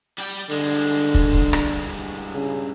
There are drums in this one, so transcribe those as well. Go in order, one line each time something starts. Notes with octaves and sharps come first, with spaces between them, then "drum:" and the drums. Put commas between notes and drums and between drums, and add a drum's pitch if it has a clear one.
G3 G5
G2 D3 G#3
drum: kick
drum: kick
drum: rim click
C#3